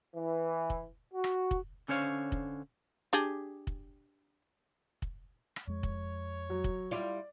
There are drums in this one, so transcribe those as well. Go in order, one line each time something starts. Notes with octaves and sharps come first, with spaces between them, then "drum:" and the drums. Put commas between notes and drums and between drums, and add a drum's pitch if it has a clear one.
E3
drum: kick
F#4
drum: rim click
drum: kick
D3 C#4 C5 C#5 F5
drum: kick
D4 G4 G#4
drum: kick
drum: kick
drum: rim click
F2 G#3 C#5
drum: kick
F#3
drum: kick
G3 E4 F4 D5